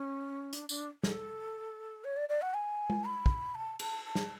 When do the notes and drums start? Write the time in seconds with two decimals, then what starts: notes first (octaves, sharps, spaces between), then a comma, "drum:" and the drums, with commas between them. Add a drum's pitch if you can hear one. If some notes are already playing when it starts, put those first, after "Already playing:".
Already playing: C#4
0.53 D4, drum: hi-hat
0.69 D4, drum: tambourine
1.03 A4, drum: snare
2.04 C#5
2.16 D5
2.29 D5
2.41 F#5
2.54 G#5
2.90 drum: tom G#3
3.04 B5
3.26 drum: kick
3.54 A5
3.79 A5, drum: cymbal
4.05 A5
4.15 drum: snare